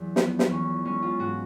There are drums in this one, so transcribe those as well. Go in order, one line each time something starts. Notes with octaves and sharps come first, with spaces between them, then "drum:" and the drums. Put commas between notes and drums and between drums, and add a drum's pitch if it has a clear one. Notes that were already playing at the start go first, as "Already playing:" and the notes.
Already playing: E2 F#3
F3 B3, drum: snare
drum: snare
E2 C#4
G#3 C#4
F4
G#2 F#4